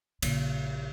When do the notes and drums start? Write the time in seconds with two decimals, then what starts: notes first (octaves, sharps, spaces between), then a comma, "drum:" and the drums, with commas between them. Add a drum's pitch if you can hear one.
0.22 A#1 C#3, drum: cymbal